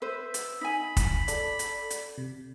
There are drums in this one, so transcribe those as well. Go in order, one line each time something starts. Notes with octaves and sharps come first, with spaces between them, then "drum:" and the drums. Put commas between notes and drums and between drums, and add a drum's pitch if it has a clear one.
B4 C5 E5
drum: hi-hat
D#4 G#5 B5
drum: kick, hi-hat
A4 D5, drum: hi-hat
drum: hi-hat
drum: hi-hat
C3